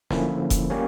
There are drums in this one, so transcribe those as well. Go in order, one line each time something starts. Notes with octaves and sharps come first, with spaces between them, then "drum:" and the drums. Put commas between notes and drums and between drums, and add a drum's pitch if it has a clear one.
D3 F3 A#3 C#4 E4, drum: snare
drum: kick F1, hi-hat
G3 A#3 C#4 G4 C#5